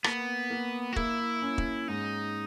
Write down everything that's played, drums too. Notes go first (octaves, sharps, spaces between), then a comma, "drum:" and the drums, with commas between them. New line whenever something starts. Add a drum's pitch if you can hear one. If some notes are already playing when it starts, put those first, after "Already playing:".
A#3 B3, drum: rim click
A#3
F#4
A#3 E4, drum: kick
C#4
drum: kick
G#2 D#4